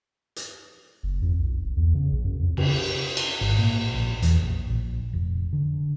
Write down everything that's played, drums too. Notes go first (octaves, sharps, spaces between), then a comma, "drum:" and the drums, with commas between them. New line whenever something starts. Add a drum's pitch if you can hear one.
drum: hi-hat
F#1
F2
B1
D#1
E2
C#3
A#1
F#2
F2
C#3, drum: cymbal
drum: cymbal
G#1
A#2
A#1
E2, drum: hi-hat
A#1
A#1
F1
D3